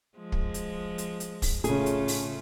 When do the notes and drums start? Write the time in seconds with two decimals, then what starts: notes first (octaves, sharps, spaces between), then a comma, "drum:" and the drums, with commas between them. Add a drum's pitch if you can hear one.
0.17 F3 G#3
0.32 drum: kick
0.54 drum: hi-hat
0.98 drum: hi-hat
1.20 drum: hi-hat
1.42 drum: kick, open hi-hat
1.64 A2 C#3 A3 F4 G#4, drum: hi-hat
1.86 drum: hi-hat
2.08 drum: open hi-hat